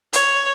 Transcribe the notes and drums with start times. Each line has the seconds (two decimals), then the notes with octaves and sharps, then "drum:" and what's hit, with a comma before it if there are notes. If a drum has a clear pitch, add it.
0.13 C#5, drum: hi-hat